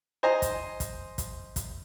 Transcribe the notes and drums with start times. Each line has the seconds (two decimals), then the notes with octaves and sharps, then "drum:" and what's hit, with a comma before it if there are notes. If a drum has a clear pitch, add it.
0.23 C5 D#5 G#5 A#5
0.42 drum: kick, hi-hat
0.80 drum: kick, hi-hat
1.18 drum: kick, hi-hat
1.56 drum: kick, hi-hat